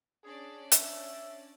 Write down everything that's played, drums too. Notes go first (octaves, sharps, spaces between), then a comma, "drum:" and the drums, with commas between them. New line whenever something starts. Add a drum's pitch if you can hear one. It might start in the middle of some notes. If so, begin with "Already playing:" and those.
C#4 D4 G#4 D5
E5, drum: hi-hat